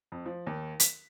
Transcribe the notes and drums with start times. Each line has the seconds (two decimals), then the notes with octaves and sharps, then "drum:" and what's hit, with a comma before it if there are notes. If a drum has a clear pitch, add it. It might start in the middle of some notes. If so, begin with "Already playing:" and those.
0.12 F2
0.26 F3
0.47 D#2
0.80 B6, drum: hi-hat